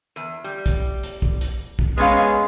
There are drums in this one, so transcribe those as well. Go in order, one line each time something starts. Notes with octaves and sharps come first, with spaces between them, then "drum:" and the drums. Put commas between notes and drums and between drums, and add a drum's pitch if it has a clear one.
E2
G3
drum: kick, hi-hat
drum: hi-hat
drum: kick
drum: hi-hat
drum: kick
G#3 B3 C#4 F5